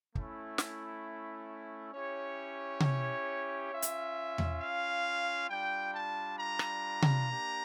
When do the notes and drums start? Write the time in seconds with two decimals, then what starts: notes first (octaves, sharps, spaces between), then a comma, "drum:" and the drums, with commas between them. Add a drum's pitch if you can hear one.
0.15 A3 C#4 E4, drum: kick
0.58 drum: snare
1.93 C#4 E4 G4 C#5
2.80 drum: tom C3
3.72 C#4 F4 E5
3.82 drum: hi-hat
4.38 drum: tom E2
4.61 F5
5.49 G3 D4 F4 G5
5.94 A5
6.39 A#5
6.59 drum: rim click
7.02 drum: tom C3
7.28 A#3 D4 G4